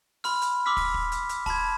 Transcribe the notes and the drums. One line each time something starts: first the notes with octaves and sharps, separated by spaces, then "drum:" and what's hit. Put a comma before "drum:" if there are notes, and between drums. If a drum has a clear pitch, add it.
B5 C6 F6, drum: open hi-hat
drum: hi-hat
B5 C6 D6 E6 F6 B6
drum: kick, open hi-hat
drum: kick
drum: hi-hat
drum: hi-hat
A5 B5 C6 G#6, drum: kick, open hi-hat